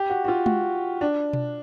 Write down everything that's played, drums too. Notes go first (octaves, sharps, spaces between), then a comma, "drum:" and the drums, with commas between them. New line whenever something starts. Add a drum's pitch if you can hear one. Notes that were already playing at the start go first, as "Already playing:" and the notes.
Already playing: G4
F#4
F#4
F4
F#4, drum: tom G#3
D4
drum: tom B2